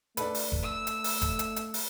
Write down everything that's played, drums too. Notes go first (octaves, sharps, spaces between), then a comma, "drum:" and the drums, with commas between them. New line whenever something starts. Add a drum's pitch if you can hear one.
A3 D4 A4 B4, drum: hi-hat
drum: open hi-hat
drum: kick F1
E6
drum: hi-hat
drum: open hi-hat
drum: kick F1, hi-hat
drum: hi-hat
drum: hi-hat
drum: open hi-hat